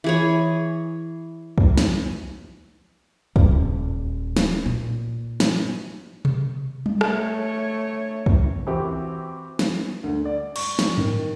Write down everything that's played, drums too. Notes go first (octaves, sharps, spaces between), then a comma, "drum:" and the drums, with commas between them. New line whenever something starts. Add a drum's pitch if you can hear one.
E3 G#4 C#5
drum: kick
drum: snare
D#1, drum: kick
drum: snare
A#2
drum: snare
drum: tom B2
drum: tom G3
A3 C#5, drum: rim click
drum: kick
E3 C4 F#4 G4
drum: snare
D2
D5
C#6, drum: cymbal
drum: snare
D#3, drum: tom G#2